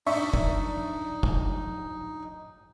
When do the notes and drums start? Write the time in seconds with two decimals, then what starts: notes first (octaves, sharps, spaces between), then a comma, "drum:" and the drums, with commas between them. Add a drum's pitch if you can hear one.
0.06 D4 D#4 E5 C#6, drum: open hi-hat
0.34 drum: kick
1.23 drum: kick